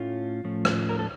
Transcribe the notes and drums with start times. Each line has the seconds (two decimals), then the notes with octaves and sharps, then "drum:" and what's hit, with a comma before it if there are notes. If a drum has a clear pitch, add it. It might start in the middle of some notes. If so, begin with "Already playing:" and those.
Already playing: A2 A3 C#4 F4
0.44 A2 F3 A3 C#4
0.65 drum: rim click
0.89 A#4
0.99 A4